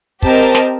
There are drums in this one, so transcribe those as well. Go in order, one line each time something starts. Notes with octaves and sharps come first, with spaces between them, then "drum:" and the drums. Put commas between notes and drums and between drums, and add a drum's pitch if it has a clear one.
C4 G4 A#4 D#5 A5, drum: kick
drum: snare